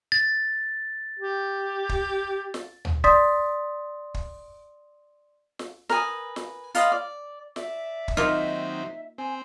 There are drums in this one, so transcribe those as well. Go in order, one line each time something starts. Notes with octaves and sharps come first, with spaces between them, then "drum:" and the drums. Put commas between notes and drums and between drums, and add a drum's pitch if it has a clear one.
A6
G4
drum: kick
drum: snare
drum: tom
D5 C6 D#6 A6 B6, drum: kick
drum: kick
drum: snare
A#4 B4 G#5 D#6, drum: snare
drum: snare
F4 B4 D#5 F5, drum: hi-hat
D5
D5 E5, drum: snare
drum: kick
D#3 F#3 A#3 C4 D#4 F4
C4 G#5